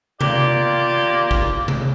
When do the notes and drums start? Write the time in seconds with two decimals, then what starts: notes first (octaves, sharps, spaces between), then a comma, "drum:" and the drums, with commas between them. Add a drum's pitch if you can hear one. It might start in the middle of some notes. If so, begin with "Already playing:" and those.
0.21 A#3 F4 G4 D5, drum: tom C3
1.31 drum: kick
1.68 drum: tom C3